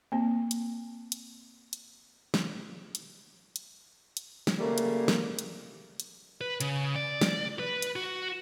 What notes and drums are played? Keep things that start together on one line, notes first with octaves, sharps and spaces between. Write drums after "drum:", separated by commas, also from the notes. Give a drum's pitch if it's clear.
A#3 C4
drum: hi-hat
drum: hi-hat
drum: hi-hat
drum: snare
drum: hi-hat
drum: hi-hat
drum: hi-hat
drum: snare
C#3 G3 A3 A#3
drum: hi-hat
drum: snare
drum: hi-hat
drum: hi-hat
B4
C#3, drum: hi-hat
D5
drum: snare
B4
drum: hi-hat
F#4